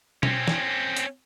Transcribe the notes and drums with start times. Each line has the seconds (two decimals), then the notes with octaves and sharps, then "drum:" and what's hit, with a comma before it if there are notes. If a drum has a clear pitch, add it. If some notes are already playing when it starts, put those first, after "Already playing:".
0.23 C4 C#4, drum: tom
0.48 drum: snare
0.97 drum: hi-hat